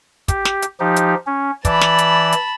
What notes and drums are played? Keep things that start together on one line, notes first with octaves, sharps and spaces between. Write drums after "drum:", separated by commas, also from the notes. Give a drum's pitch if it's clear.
G4, drum: kick, hi-hat
drum: snare
drum: hi-hat
F3 D#4 G4
drum: hi-hat
C#4
E3 D5 A5 B5, drum: kick, hi-hat
drum: snare
drum: hi-hat
drum: hi-hat